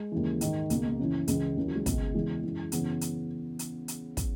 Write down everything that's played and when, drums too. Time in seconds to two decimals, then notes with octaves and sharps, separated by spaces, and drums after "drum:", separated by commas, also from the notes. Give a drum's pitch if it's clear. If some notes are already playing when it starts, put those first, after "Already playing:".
Already playing: G#3
0.12 D#2 C#3 E3
0.41 G#2 D#3, drum: hi-hat
0.70 C#2 B2 A#3, drum: hi-hat
0.85 A#3
0.98 F#2 C#3 E3
1.28 C#2 C#3 E3, drum: hi-hat
1.56 D#2 C#3 E3 A#3
1.67 F#3
1.75 G#3
1.86 C#2 B2, drum: kick, hi-hat
2.15 E2 C#3 E3 G#3
2.43 F#2 E3
2.72 F#2 C#3 E3 B3, drum: hi-hat
3.01 drum: hi-hat
3.59 drum: hi-hat
3.88 drum: hi-hat
4.17 drum: kick, hi-hat